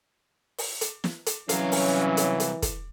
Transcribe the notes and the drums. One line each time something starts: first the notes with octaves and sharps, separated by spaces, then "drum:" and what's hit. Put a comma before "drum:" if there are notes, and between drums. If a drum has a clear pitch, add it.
drum: open hi-hat
drum: hi-hat
drum: snare
drum: hi-hat
C2 E3 F#3 C#4 F5, drum: hi-hat
drum: open hi-hat
drum: hi-hat
drum: hi-hat
drum: kick, hi-hat